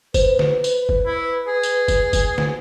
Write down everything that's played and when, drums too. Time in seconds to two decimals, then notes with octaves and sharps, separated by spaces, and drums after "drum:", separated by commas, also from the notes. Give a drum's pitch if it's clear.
0.14 B4 C5, drum: kick G1, tambourine
0.39 drum: snare
0.64 drum: tambourine
0.89 drum: kick G1
1.06 E4
1.47 G#4
1.63 drum: tambourine
1.88 drum: kick G1, tambourine
2.13 drum: kick G1, tambourine
2.38 drum: snare